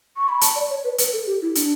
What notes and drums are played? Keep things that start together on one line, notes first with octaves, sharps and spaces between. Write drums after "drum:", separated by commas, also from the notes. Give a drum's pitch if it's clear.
C#6
B5
A5, drum: hi-hat
D5
C#5
B4
B4, drum: hi-hat
A4
G4
E4
D4, drum: hi-hat